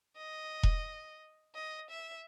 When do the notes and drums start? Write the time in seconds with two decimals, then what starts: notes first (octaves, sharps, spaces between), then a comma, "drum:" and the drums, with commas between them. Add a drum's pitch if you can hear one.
0.17 D#5
0.63 drum: kick E1
1.55 D#5
1.90 E5